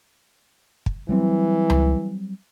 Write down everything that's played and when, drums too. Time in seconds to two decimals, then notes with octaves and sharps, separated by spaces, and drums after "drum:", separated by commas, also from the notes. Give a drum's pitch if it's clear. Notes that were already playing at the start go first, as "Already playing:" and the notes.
0.86 drum: kick
1.09 E3 F#3 G3 C4
1.70 drum: tom C#2